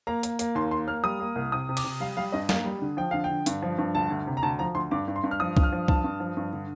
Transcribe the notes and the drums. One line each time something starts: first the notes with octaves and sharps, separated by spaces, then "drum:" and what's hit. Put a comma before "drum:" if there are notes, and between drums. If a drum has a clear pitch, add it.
A#3 A#5
A#3, drum: hi-hat
A#3, drum: hi-hat
D#2 C6
A#3 C6
A#3 F6
G3 D#6
A#3
C2
C3 D#6
C3
D6, drum: cymbal
C3
G3 F5
G3 F5
G2 D#5
A#3 F5, drum: snare
G3
D3
F3 G5
D3 F5
G5
D3
G2, drum: hi-hat
F3
G2
D2 A5
D2
C3
A#5
D2 A5
F3 A#5
D2 C6
G2 D6
G2
C6
G2
F6
F3 D#6
G2, drum: kick C2
F6
F3
G2 A5, drum: kick C2
G2
F3
G2
D3